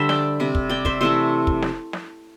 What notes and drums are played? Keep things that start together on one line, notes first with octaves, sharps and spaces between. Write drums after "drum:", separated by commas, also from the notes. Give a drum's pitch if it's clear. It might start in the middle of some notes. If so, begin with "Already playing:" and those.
Already playing: D3 G3 C5 E5
D5 G5, drum: snare
C3 G3
drum: kick
D5 G5
C5 E5, drum: kick
C3 E3 A3 C5 E5
drum: kick
drum: snare
drum: snare